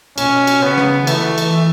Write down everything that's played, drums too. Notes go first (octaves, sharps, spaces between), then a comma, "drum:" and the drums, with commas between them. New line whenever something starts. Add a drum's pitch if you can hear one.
B2 C#4, drum: cymbal
drum: cymbal
C#3 B3
drum: rim click
E3 A3, drum: cymbal
drum: cymbal